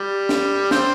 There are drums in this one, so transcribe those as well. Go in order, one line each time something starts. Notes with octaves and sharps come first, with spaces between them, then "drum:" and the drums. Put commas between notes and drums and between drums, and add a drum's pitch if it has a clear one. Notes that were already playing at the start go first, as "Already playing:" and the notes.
Already playing: G3
drum: snare
C4, drum: snare